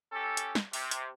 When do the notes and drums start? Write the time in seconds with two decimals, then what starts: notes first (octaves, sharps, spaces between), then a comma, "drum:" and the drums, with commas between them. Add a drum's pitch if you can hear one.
0.12 C#4 G4 A4
0.37 drum: hi-hat
0.55 drum: snare
0.73 C3, drum: open hi-hat
0.91 drum: hi-hat